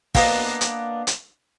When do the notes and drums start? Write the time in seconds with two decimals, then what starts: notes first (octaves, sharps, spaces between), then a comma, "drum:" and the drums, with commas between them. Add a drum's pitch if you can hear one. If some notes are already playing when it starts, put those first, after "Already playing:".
0.15 A#3 B3 D4 D#5, drum: kick, open hi-hat
0.61 drum: hi-hat
1.07 drum: hi-hat